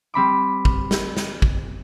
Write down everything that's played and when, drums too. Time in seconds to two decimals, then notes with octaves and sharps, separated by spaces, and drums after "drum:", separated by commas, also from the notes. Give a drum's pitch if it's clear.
0.14 G3 C4 B5 D6
0.65 drum: kick
0.91 drum: snare
1.17 drum: snare
1.42 drum: kick